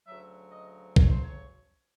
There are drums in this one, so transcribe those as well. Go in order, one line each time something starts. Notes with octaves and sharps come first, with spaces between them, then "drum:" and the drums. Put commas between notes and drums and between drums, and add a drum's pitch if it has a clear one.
D2 C#3 F#3 E5
D#5
C#5, drum: kick
C5
C#5